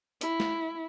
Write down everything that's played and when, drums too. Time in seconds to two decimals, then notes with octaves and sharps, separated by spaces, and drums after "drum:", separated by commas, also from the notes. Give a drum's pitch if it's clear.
0.21 E4, drum: hi-hat
0.40 drum: snare